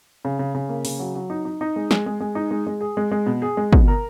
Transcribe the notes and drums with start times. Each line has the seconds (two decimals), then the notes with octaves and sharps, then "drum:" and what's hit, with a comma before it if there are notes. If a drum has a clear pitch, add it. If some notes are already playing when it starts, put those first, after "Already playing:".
0.25 C#3
0.39 C#3
0.55 C#3
0.69 A#3
0.85 C#3, drum: open hi-hat
0.99 F#3
1.15 F#3
1.30 D#4
1.45 D#4
1.61 D#4
1.76 G#3
1.91 G#3, drum: snare
2.06 G#3
2.20 G#3
2.35 D#4
2.51 G#3
2.67 G#3
2.81 G#4
2.97 G#3
3.11 G#3
3.26 B2
3.42 G#4
3.57 G#3
3.73 B2, drum: kick
3.88 A#4